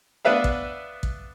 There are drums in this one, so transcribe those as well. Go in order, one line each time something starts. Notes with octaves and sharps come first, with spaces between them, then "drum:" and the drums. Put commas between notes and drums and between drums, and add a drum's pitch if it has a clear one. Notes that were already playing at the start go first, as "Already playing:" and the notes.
B3 D4 B4 E5 F5
drum: kick
drum: kick